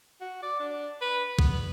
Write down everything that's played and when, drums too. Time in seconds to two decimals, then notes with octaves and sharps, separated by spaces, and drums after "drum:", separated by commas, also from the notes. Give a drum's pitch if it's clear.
0.21 F#4
0.43 D5
0.60 D4
1.01 B4
1.39 B3, drum: kick B1